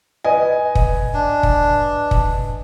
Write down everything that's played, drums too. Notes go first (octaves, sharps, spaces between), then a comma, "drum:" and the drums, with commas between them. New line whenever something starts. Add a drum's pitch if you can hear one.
B4 D#5 G#5
drum: kick
D4
drum: kick
drum: kick